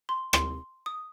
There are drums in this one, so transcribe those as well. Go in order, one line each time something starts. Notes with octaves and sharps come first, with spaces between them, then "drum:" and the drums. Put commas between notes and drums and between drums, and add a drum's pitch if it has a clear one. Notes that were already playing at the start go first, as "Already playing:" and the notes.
C6
C6, drum: rim click
D#6